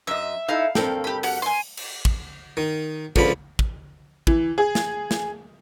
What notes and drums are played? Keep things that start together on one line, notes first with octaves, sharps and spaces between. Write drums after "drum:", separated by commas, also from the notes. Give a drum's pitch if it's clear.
F#2 D#5 E5
D#4 E4 A4 F5
G2 C4 A4 A#4 G5, drum: snare
G4 B5
F#4 G4 F#5, drum: open hi-hat
G#5 C6
drum: cymbal
drum: kick
D#3
C#2 D3 F3 B5, drum: kick
drum: kick
E3, drum: kick
G#4
drum: snare
drum: snare